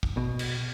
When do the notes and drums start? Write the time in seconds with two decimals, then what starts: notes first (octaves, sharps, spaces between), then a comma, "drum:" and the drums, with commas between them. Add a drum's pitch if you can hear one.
0.03 drum: kick
0.17 B2
0.39 drum: cymbal